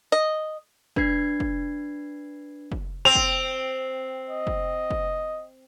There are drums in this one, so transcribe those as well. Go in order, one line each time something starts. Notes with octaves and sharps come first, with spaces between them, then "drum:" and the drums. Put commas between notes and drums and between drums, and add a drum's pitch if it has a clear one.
D#5
D4 B4 G#6 C7, drum: kick
drum: kick
drum: kick
C4 F7
drum: kick
D#5
drum: kick
drum: kick